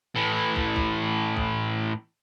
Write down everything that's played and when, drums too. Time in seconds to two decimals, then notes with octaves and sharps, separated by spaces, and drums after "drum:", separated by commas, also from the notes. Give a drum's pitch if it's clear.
0.15 A2 E3
0.56 drum: kick
0.76 drum: kick
1.37 drum: kick